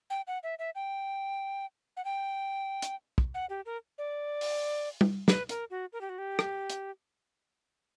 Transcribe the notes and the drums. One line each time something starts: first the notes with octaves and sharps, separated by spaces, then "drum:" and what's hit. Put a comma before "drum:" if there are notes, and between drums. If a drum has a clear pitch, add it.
G5
F#5
E5
E5
G5
F#5
G5
drum: hi-hat
drum: kick
F#5
G4
A#4
D5
drum: open hi-hat
drum: tom
B4, drum: snare
A#4, drum: hi-hat
F#4
A#4
G4
F#4
G4
drum: rim click
drum: hi-hat